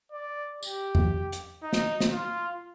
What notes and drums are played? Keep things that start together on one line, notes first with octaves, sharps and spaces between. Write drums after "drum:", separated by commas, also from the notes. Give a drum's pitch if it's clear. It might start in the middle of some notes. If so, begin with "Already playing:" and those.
D5
G4, drum: tambourine
drum: tom E2
drum: hi-hat
D#4
drum: snare
drum: snare
F4